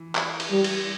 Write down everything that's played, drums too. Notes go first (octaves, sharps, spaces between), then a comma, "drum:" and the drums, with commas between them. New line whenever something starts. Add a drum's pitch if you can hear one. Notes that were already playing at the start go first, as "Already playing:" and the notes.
Already playing: E3
drum: clap
drum: cymbal
G3
drum: cymbal